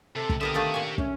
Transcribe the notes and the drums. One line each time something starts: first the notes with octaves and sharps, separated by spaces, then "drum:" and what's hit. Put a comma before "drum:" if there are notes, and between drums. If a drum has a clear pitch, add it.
C3 A4
drum: kick
D3 B3 G4 A#4 E5 D#6
D#3 A3 D4 F5
A#2 G#5 C#6
C#4 E5, drum: kick